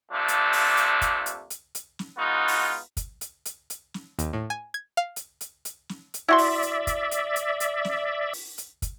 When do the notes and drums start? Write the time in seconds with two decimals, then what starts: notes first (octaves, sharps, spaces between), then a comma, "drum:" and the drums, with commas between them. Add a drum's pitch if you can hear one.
0.11 C3 F3 A3 A#3 D4
0.28 drum: hi-hat
0.53 drum: open hi-hat
0.77 drum: hi-hat
1.01 drum: kick, hi-hat
1.26 drum: hi-hat
1.50 drum: hi-hat
1.75 drum: hi-hat
1.99 drum: snare
2.17 G#3 B3 D#4 F4 F#4
2.48 drum: open hi-hat
2.97 drum: kick, hi-hat
3.21 drum: hi-hat
3.45 drum: hi-hat
3.70 drum: hi-hat
3.94 drum: snare
4.19 D#2, drum: hi-hat
4.33 A2
4.50 G#5
4.74 G#6
4.97 F5
5.16 drum: hi-hat
5.41 drum: hi-hat
5.65 drum: hi-hat
5.89 drum: snare
6.14 drum: hi-hat
6.29 E4 F#4 D5 E5 C6
6.38 drum: open hi-hat
6.63 drum: hi-hat
6.87 drum: kick, hi-hat
7.11 drum: hi-hat
7.36 drum: hi-hat
7.60 drum: hi-hat
7.85 drum: snare
8.33 drum: open hi-hat
8.58 drum: hi-hat
8.82 drum: kick, hi-hat